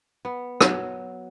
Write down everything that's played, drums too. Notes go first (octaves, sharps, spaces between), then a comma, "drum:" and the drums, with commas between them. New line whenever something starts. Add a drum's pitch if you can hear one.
B3
F#3, drum: rim click